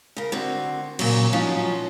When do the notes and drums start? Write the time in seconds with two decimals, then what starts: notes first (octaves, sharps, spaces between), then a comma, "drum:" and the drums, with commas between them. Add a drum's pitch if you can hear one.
0.17 C#3 A#4
0.32 D3 C4 F#4
0.99 A#2 C#3 F#3, drum: cymbal
1.33 F3 F#3 C#4 D#4 F4